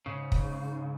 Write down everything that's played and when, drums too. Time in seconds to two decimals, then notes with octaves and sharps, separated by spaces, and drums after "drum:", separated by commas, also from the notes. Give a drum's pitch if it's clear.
0.06 G#2 C#3
0.32 drum: kick